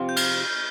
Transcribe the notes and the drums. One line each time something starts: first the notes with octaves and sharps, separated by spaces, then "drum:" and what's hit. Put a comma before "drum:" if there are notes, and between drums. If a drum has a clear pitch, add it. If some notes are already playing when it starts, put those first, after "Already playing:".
Already playing: C3 F3 C4 F4
G6
F6, drum: cymbal
G6